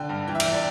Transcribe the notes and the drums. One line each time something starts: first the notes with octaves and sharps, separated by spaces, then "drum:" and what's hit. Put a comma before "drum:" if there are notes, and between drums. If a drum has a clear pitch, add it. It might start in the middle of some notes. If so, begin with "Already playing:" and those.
Already playing: D3 G5
G2
E3 G5
E5
G5, drum: cymbal
E2
D5